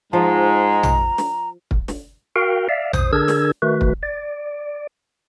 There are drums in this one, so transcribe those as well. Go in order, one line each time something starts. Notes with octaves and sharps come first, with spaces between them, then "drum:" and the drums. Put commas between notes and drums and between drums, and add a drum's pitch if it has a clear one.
G#2 F3 G#3 A#5
drum: tom A#1
drum: snare
drum: kick
drum: snare
F#4 A#4 F5 G5
D5 E5 F5
F2 C5 D#6, drum: tom A#1
D3 D4 G#4 A#4 E6 G#6
drum: snare
D#3 A3 F#4 B4
drum: kick
D5